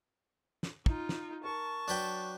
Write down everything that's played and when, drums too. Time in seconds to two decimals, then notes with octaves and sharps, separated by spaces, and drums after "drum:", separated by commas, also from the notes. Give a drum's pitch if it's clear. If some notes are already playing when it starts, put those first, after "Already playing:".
0.63 drum: snare
0.86 D#4 F4, drum: kick
1.09 drum: snare
1.44 A#4 A5 C#6
1.88 F#3 D4 B4 G5